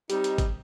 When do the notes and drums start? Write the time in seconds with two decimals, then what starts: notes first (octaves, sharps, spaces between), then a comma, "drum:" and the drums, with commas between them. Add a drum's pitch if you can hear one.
0.10 G3 C4 D#4 G4, drum: hi-hat
0.24 drum: hi-hat
0.38 drum: kick, hi-hat